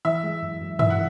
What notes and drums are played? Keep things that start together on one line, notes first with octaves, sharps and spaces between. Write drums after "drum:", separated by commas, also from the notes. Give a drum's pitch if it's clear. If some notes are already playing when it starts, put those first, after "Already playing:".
E3 E5
G#3
F#2
F#2
E3 E5, drum: tom
F#5